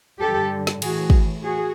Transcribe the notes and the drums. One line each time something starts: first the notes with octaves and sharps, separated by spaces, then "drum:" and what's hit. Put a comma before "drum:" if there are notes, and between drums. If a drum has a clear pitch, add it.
G2 D3 G4 A4
drum: snare
A2 E3 F#4 G#4, drum: cymbal
drum: kick
F#4 G#4